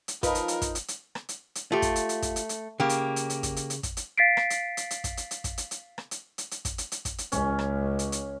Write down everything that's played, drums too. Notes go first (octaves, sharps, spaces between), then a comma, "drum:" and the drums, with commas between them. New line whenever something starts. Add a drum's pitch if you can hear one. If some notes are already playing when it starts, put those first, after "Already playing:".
drum: hi-hat
F3 D#4 F4 A#4 B4 D#5, drum: kick, hi-hat
drum: hi-hat
drum: hi-hat
drum: kick, hi-hat
drum: hi-hat
drum: hi-hat
drum: rim click
drum: hi-hat
drum: hi-hat
A3 F4 G4
drum: kick, hi-hat
drum: hi-hat
drum: hi-hat
drum: kick, hi-hat
drum: hi-hat
drum: hi-hat
C#3 A#3 G4
drum: hi-hat
drum: hi-hat
drum: hi-hat
drum: kick, hi-hat
drum: hi-hat
drum: hi-hat
drum: kick, hi-hat
drum: hi-hat
F5 A6 B6 C7 D7
drum: rim click
drum: hi-hat
drum: hi-hat
drum: hi-hat
drum: kick, hi-hat
drum: hi-hat
drum: hi-hat
drum: kick, hi-hat
drum: hi-hat
drum: hi-hat
drum: rim click
drum: hi-hat
drum: hi-hat
drum: hi-hat
drum: kick, hi-hat
drum: hi-hat
drum: hi-hat
drum: kick, hi-hat
drum: hi-hat
C#2 C#4, drum: hi-hat
drum: rim click
drum: hi-hat
drum: hi-hat